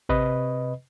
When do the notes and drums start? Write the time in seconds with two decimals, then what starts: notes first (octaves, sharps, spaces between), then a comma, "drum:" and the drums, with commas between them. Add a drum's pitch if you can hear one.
0.09 C3 B4 D#5, drum: kick G#1